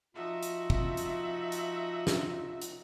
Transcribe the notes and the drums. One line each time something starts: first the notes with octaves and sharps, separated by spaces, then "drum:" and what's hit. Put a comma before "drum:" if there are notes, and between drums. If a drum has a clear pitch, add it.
F3 D#4 F4 F#4 E5
drum: hi-hat
drum: kick
drum: hi-hat
drum: hi-hat
drum: snare
drum: hi-hat